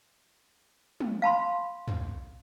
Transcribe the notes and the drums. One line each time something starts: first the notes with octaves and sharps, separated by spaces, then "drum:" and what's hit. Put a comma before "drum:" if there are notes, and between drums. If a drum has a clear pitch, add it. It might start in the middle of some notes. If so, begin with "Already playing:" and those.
drum: tom
F5 A5 B5 C6
drum: tom